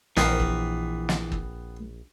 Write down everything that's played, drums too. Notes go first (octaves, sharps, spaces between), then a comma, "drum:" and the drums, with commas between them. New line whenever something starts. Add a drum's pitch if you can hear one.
A#1 E3 B3 C4 A#4, drum: snare
drum: kick
drum: snare
drum: kick